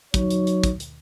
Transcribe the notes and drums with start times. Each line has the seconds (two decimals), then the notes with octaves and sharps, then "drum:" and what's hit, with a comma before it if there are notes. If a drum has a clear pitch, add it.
0.14 F#3 D#4 C#5, drum: kick, hi-hat
0.30 drum: hi-hat
0.47 drum: hi-hat
0.64 drum: kick, hi-hat
0.80 drum: hi-hat